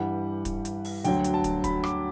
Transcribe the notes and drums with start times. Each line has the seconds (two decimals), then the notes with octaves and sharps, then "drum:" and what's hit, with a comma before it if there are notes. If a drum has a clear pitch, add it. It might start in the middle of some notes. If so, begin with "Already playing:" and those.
Already playing: G2 E3 G3 F#5
0.45 drum: kick, hi-hat
0.65 drum: hi-hat
0.85 drum: open hi-hat
1.04 D2 D3 F#3 G5, drum: hi-hat
1.24 drum: hi-hat
1.34 A5
1.44 drum: kick, hi-hat
1.64 B5, drum: kick, hi-hat
1.84 D6, drum: rim click